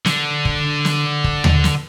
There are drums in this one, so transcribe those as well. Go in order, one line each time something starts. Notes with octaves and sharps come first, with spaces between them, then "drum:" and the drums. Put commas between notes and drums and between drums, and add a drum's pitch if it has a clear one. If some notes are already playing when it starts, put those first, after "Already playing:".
D3 D4, drum: snare
drum: kick
drum: snare
drum: kick
drum: tom D#2
drum: snare